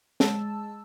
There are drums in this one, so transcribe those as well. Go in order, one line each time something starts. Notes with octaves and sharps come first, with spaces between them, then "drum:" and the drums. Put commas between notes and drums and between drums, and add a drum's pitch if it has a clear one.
G#3 A5 E6, drum: snare